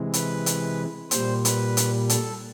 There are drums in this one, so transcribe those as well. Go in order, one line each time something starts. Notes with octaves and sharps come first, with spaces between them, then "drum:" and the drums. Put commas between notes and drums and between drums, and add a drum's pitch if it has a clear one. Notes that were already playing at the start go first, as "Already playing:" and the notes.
Already playing: C3 E3 G#3
B4, drum: hi-hat
drum: hi-hat
A#2 G3 C5, drum: hi-hat
B4, drum: hi-hat
drum: hi-hat
A4, drum: hi-hat